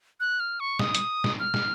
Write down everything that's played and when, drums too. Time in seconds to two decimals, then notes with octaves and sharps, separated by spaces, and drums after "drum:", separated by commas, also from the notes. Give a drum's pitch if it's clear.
0.20 F#6
0.40 F6
0.60 C#6
0.79 D#6, drum: snare
0.95 drum: hi-hat
1.24 drum: snare
1.39 F6
1.54 drum: snare